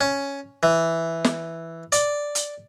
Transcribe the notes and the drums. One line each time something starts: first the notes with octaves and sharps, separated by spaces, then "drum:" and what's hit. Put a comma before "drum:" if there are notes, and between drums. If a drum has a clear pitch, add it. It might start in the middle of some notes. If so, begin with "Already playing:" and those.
C#4
E3
drum: snare
D5, drum: hi-hat
drum: hi-hat